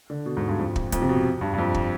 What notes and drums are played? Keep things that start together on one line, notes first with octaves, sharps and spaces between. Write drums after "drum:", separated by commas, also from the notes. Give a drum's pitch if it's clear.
D3
B2
G#2
G2
F2
drum: kick
F2, drum: kick, hi-hat
C3
B2
G2
G2
F2
drum: kick